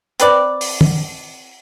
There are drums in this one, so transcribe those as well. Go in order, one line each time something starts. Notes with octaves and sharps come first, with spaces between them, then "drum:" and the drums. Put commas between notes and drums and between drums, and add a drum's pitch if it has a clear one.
C4 B4 D5, drum: hi-hat
drum: open hi-hat
drum: tom